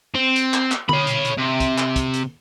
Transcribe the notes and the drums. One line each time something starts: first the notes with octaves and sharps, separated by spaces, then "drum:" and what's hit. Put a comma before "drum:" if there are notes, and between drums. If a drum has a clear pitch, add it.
C4
drum: hi-hat
drum: clap
drum: clap
C#5 B5, drum: tom D3
drum: hi-hat
drum: hi-hat
C3
drum: kick, hi-hat
drum: clap
drum: kick, hi-hat
drum: hi-hat